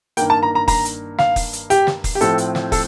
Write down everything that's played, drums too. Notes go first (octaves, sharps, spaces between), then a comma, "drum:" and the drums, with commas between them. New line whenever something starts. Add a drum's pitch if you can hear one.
G2 D#3 A#3 G5, drum: hi-hat
A5
A#5
A#5
A#5, drum: kick, open hi-hat
drum: hi-hat
F5, drum: snare
drum: kick, open hi-hat
drum: hi-hat
G4, drum: hi-hat
drum: snare
drum: kick, open hi-hat
G4
A2 F3 A3 C4 A4, drum: hi-hat
drum: hi-hat
drum: snare
A4, drum: kick, open hi-hat